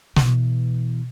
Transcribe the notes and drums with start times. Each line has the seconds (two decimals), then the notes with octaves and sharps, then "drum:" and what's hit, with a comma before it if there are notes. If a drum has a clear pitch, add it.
0.16 B2 E3, drum: snare